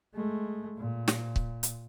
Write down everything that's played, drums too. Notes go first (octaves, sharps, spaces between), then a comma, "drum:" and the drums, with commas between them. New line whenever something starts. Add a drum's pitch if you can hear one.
G#3 A3
A#2
drum: snare
drum: kick C#1
drum: hi-hat